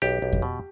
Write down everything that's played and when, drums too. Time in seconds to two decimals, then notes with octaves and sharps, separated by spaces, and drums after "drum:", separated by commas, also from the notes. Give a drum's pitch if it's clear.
0.02 B1 G4
0.22 B1
0.33 drum: kick F2
0.42 B2